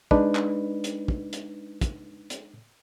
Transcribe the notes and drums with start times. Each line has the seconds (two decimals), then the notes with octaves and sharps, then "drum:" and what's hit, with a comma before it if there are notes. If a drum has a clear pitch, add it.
0.11 G#3 D4 D#4 B4, drum: kick
0.35 drum: clap
0.84 drum: hi-hat
1.08 drum: kick
1.33 drum: hi-hat
1.81 drum: kick, hi-hat
2.30 drum: hi-hat